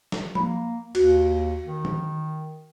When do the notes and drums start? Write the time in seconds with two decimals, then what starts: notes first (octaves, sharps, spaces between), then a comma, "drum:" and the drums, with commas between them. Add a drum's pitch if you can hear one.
0.12 drum: snare
0.35 A#3 B5, drum: tom F3
0.95 D#2 F#4, drum: cymbal
1.65 D#3
1.85 drum: tom D#3